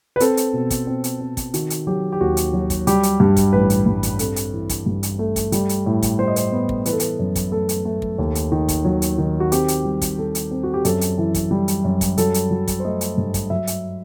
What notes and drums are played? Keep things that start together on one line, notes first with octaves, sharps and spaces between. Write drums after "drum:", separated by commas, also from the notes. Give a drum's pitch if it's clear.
B4
C4 A4, drum: hi-hat
drum: hi-hat
B2
drum: kick, hi-hat
C4
drum: hi-hat
C4
drum: kick, hi-hat
D#3 F#4, drum: hi-hat
drum: hi-hat
F#3 G4
G4
D#2 F#4
drum: hi-hat
F#3
drum: kick, hi-hat
G3 G4, drum: hi-hat
drum: hi-hat
G2 G4
drum: kick, hi-hat
A1 B4
drum: hi-hat
G2
drum: kick, hi-hat
C4 A4, drum: hi-hat
drum: hi-hat
E3
drum: kick, hi-hat
G2
drum: hi-hat
A3
drum: kick, hi-hat
G3, drum: hi-hat
drum: hi-hat
A2
drum: kick, hi-hat
G3 C5
D#5
C5, drum: hi-hat
B3
drum: kick
E3 B4, drum: hi-hat
A4
B4, drum: hi-hat
F#2
drum: kick, hi-hat
A3 A4
drum: hi-hat
A3
drum: kick
D#2
drum: hi-hat
D#3
drum: kick, hi-hat
F#3
drum: hi-hat
D#3
F#4
C4 G4, drum: hi-hat
drum: hi-hat
G3
drum: kick, hi-hat
G3 A4
drum: hi-hat
C4
F#4
G4
F#2 A4, drum: hi-hat
drum: hi-hat
E3
drum: kick, hi-hat
G3
drum: hi-hat
F#2
drum: kick, hi-hat
F#3 A4, drum: hi-hat
drum: hi-hat
F#3
drum: kick, hi-hat
C5
A3 D#5
drum: hi-hat
G2
drum: kick, hi-hat
F#3 E5
drum: hi-hat